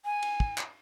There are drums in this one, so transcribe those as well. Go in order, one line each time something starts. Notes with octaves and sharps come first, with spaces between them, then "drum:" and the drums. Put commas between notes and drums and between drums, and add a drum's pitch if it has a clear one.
G#5
drum: cymbal
drum: kick
drum: clap